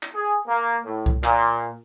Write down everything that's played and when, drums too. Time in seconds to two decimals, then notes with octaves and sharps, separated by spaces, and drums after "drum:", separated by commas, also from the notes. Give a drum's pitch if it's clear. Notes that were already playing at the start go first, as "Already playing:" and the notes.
0.03 drum: clap
0.15 G#4
0.47 A#3
0.86 A2
1.06 drum: kick C2
1.24 A#2, drum: clap